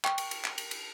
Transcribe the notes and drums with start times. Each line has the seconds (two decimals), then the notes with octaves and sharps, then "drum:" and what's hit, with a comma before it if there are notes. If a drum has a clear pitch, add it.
0.05 G5 C#6, drum: clap
0.18 drum: cymbal
0.31 drum: cymbal
0.45 drum: clap
0.58 drum: cymbal
0.71 drum: cymbal